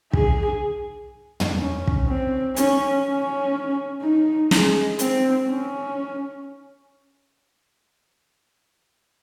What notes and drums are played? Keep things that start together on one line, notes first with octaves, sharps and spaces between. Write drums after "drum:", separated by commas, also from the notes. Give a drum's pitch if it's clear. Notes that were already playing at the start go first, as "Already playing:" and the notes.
G#4, drum: kick
drum: tom
C#4
drum: kick
C4
C#4, drum: hi-hat
C#4
D#4
G#3, drum: snare
C4, drum: hi-hat
C#4